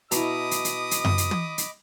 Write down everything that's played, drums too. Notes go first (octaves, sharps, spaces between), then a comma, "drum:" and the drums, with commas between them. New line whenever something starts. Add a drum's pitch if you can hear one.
B2 E4 D#5 A#5 B5 D6 D#6, drum: hi-hat
drum: hi-hat
drum: hi-hat
drum: hi-hat
drum: tom F#2
drum: hi-hat
drum: tom
drum: hi-hat